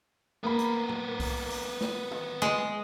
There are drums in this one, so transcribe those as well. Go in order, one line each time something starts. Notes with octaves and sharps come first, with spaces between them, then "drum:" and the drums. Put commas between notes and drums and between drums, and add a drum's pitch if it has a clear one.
A#3 B3 A#4 B5
drum: hi-hat
drum: tom
drum: kick B1, open hi-hat
drum: open hi-hat
drum: snare
drum: tom
G#3, drum: snare